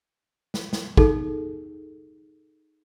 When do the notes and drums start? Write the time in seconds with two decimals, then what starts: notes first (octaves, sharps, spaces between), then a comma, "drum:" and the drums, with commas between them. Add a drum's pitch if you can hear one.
0.54 drum: snare
0.73 drum: snare
0.97 D#4 G#4 A4, drum: kick